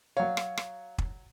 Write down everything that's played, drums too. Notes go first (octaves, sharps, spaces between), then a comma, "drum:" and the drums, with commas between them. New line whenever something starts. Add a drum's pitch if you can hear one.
F#3 C#5 F5
drum: rim click
drum: rim click
drum: kick